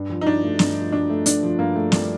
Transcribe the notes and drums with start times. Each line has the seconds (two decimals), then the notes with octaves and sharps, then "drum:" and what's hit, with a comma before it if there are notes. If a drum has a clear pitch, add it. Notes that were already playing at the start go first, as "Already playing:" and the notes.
Already playing: G2
0.10 F3
0.21 D#4
0.26 G2 D4
0.43 A3
0.59 G2, drum: snare
0.76 F3
0.92 G2 D4
1.10 A3
1.26 G2 D4, drum: hi-hat
1.43 F3
1.59 G2 A#3
1.76 A3
1.92 G2 D4, drum: snare